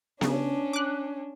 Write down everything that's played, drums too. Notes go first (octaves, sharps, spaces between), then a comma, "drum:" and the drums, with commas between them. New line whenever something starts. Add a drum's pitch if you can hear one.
C#3 C#4 D4, drum: snare B3
D6 F#6